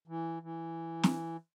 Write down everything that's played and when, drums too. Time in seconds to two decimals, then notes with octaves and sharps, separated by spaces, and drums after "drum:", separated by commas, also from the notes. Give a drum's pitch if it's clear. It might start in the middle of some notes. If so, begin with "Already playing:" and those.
0.08 E3
0.43 E3
1.03 drum: snare